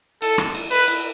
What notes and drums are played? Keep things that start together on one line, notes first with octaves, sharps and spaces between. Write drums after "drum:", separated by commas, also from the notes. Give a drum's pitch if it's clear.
A4, drum: cymbal
drum: rim click
drum: cymbal
B4, drum: cymbal
drum: cymbal